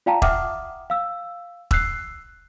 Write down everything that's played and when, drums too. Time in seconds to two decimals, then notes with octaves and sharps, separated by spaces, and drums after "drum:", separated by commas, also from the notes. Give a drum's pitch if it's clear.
0.06 F4 D5 F5 G5 A5 A#5
0.22 E5 F#5 G5 D6 D#6 F6, drum: kick E1
0.90 F5 E6
1.71 E6 F#6 C7, drum: kick E1